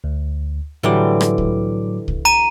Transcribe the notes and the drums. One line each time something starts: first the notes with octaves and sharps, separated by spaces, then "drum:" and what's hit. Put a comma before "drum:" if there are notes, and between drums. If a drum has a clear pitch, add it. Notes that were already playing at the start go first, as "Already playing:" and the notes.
D2
A2 D3 E3 F#3 G3 D6
drum: rim click
drum: kick C2
drum: kick C2
A#5 D#7